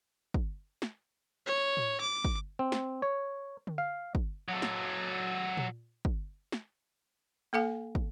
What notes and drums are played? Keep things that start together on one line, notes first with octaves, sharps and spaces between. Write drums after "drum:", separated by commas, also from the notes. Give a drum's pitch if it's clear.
drum: kick
drum: snare
C#5
drum: tom A2
D6
drum: kick
C4
drum: snare
C#5
drum: tom D3
F5
drum: kick
F#3 A4
drum: snare
drum: tom A#2
drum: kick
drum: snare
A#3 A4 F5 G#5
drum: kick